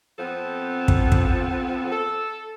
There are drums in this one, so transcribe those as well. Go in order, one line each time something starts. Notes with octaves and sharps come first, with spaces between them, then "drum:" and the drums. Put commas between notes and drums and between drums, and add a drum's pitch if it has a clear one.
F2 F3 B3 C4 A4
drum: kick
drum: kick
A4